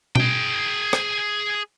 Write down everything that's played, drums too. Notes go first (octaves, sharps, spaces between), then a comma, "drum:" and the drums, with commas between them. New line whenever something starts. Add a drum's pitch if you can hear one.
G#4 G5, drum: tom B2
drum: rim click